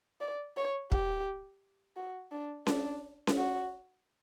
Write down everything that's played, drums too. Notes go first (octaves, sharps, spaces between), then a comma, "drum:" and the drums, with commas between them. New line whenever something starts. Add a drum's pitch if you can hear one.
D5
C#5
G4, drum: kick
F#4
D4
D4, drum: snare C#4
drum: snare C#4
F#4